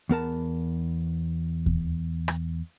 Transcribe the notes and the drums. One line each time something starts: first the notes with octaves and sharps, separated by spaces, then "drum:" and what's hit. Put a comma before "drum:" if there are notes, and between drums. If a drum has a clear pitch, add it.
E2 B3 A#4 A5
drum: kick D#2
drum: rim click